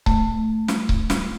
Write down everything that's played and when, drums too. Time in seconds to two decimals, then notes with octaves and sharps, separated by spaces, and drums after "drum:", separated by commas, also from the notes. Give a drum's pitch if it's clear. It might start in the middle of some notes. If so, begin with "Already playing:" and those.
0.06 A3, drum: kick C#1
0.68 drum: snare
0.89 drum: kick C#1
1.10 drum: snare